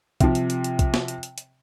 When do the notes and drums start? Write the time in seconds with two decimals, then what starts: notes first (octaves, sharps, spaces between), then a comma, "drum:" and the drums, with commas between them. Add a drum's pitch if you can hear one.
0.20 C3 F3, drum: kick B1, hi-hat
0.35 drum: hi-hat
0.50 drum: hi-hat
0.64 drum: hi-hat
0.79 drum: kick B1, hi-hat
0.94 drum: snare
1.08 drum: hi-hat
1.23 drum: hi-hat
1.38 drum: hi-hat